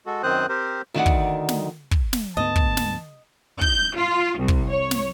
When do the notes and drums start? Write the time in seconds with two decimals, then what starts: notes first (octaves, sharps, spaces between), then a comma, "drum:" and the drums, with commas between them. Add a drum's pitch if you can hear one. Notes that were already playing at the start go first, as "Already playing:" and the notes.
0.06 G#3 F#4 A4
0.23 F#2 D#3 C4 C5 D#6 F#6
0.49 C4 G4 A#4 C5
0.94 D2 D#3 D5 F#5
1.06 drum: kick
1.49 drum: snare
1.91 drum: kick
2.13 drum: snare
2.37 D2 G#2 B3 D#5 A5
2.56 drum: kick
2.77 drum: snare
3.61 G6, drum: kick
3.97 F4
4.39 C2
4.48 drum: kick
4.70 C#5
4.91 drum: snare